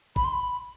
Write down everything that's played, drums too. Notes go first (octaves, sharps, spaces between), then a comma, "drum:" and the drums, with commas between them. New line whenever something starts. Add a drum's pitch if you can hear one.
B5, drum: kick
C6
B5